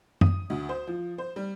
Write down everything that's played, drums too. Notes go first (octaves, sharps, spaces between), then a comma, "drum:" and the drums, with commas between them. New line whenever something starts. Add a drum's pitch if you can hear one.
D#6, drum: tom F#2
D2
C5
F3
C5
G3